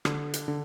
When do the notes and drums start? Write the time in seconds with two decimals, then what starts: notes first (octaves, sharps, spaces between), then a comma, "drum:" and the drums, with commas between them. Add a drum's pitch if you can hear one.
0.05 D3, drum: rim click
0.34 drum: hi-hat
0.48 D3